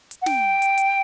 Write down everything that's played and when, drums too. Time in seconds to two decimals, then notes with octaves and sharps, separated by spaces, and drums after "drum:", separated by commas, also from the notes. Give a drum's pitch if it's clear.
0.11 drum: hi-hat
0.22 F#5
0.26 G5, drum: snare
0.62 drum: hi-hat
0.78 drum: hi-hat